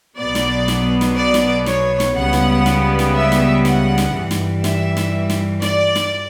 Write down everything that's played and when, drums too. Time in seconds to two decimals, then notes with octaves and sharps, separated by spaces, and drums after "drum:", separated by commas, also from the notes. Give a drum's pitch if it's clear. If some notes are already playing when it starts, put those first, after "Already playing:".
0.18 B1 B2 F#3 B3 D5
0.35 drum: snare
0.68 drum: snare
1.01 drum: snare
1.17 D5
1.34 drum: snare
1.66 C#5, drum: snare
2.00 drum: snare
2.16 C#2 C#3 G3 B3 F#5
2.33 drum: snare
2.66 drum: snare
2.99 drum: snare
3.16 E5
3.32 drum: snare
3.65 F#5, drum: snare
3.98 drum: snare
4.15 G2 E3 G3
4.31 drum: snare
4.64 E5, drum: snare
4.97 drum: snare
5.30 drum: snare
5.62 D5, drum: snare
5.96 drum: snare